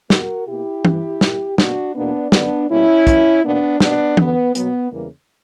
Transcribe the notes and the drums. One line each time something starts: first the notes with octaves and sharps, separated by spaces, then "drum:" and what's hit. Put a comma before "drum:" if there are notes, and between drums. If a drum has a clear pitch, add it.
E2 B2 A#3 F#4 A#4, drum: snare
B2 A#3 E4 G4
G2 E3 G3, drum: tom
A#2 A#3, drum: snare
B2 A#3 D4 F#4, drum: snare
E2 B2 A#3 B3 D4
F#2 D3 F#3 B3 D4, drum: snare
B2 G3 A#3 C#4 E4
F#2 E3 A#3, drum: kick, hi-hat
E2 B2 A#3 B3 D4
B2 A#3 B3 D4, drum: snare
E2 D3 F#3 B3, drum: tom
B2 F#3 A#3 B3, drum: hi-hat
E2 C#3 E3 G3 A#3